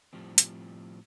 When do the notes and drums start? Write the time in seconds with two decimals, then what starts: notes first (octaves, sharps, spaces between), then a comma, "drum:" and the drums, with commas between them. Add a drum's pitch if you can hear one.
0.13 A2 F3 G3 C4
0.38 drum: hi-hat